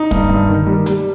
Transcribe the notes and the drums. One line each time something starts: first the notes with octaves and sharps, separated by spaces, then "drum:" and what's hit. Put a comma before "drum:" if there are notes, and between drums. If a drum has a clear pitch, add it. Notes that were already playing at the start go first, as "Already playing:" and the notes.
Already playing: D#4
G2, drum: kick
G2
D#3
G3
G3, drum: hi-hat